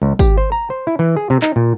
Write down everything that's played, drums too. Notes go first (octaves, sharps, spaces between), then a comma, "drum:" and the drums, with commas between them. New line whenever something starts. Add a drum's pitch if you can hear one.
C#2
G4, drum: kick G#1, tambourine
C5
A#5
C5
E4
E3
G#4
C3
D#4, drum: clap
A#2